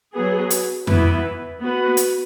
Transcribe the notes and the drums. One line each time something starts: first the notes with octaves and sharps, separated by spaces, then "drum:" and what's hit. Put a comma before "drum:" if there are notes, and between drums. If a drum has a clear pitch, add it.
F#3 B3 G#4
drum: hi-hat
E3 B3 E4 B4, drum: tom F2
B3 F#4 B4
drum: hi-hat